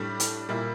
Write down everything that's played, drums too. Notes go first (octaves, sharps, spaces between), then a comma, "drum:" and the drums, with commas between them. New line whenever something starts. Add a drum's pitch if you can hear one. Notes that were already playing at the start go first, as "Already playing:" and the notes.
Already playing: A2 G3 D4
drum: hi-hat
A#2 G3 A#3 E4